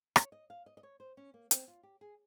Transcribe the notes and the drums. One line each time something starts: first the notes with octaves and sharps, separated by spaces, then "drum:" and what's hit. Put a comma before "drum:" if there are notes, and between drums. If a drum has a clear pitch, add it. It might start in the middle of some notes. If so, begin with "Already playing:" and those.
C#5, drum: rim click
D#5
F5
D#5
D#5
C#5
C5
C#4
A#3
C4, drum: hi-hat
F4
G4
G#4